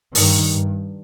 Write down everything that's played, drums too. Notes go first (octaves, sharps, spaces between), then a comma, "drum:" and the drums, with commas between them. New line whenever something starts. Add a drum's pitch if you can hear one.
G2 D#3, drum: open hi-hat
G2